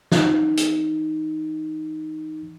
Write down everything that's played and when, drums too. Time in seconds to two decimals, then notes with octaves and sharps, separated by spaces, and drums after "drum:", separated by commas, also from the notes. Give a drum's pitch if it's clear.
0.12 E3 D#4, drum: snare
0.57 drum: hi-hat